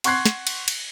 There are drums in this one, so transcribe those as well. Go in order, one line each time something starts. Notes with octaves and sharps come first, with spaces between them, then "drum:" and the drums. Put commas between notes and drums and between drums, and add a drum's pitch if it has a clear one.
F#5 C6 C#6 F#6 G#6 C7, drum: cymbal
drum: snare
drum: cymbal
drum: cymbal